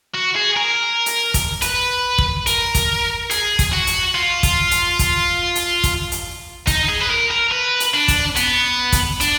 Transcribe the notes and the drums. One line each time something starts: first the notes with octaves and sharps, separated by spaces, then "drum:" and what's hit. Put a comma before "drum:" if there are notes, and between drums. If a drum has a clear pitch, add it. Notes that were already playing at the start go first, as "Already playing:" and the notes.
F#4
G#4
A#4
drum: hi-hat
drum: kick, hi-hat
B4, drum: hi-hat
drum: kick
A#4, drum: hi-hat
drum: kick, hi-hat
G#4, drum: hi-hat
drum: kick, hi-hat
F#4
drum: hi-hat
F4
drum: kick, hi-hat
drum: hi-hat
drum: kick, hi-hat
drum: hi-hat
drum: kick, hi-hat
drum: hi-hat
D#4, drum: kick, hi-hat
G#4
B4
A#4
A#4
B4
drum: hi-hat
D4
drum: kick, hi-hat
B3, drum: hi-hat
drum: kick, hi-hat
D4, drum: hi-hat